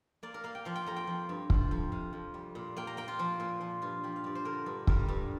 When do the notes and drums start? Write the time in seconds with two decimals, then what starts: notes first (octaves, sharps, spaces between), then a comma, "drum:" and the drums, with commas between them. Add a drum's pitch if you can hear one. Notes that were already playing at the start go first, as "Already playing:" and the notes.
0.23 A#3 D5
0.34 A#4
0.44 A#3 F5
0.55 G5
0.65 F3 F5
0.76 G5
0.86 F2 A#5
0.96 G5
1.07 F3
1.29 G2
1.50 F3, drum: kick
1.71 F2
1.92 C3 F5
2.13 F2
2.34 G3
2.55 A#2
2.77 A#3 G5
2.87 A#5
2.97 A#3 G5
3.08 F4
3.19 F3
3.40 A#2
3.61 F3
3.82 G2 F4
4.03 F3 G4
4.16 F5
4.24 G2 D5
4.35 C5
4.45 D3 A#4
4.66 G2
4.87 G3 A#4, drum: kick
5.08 G2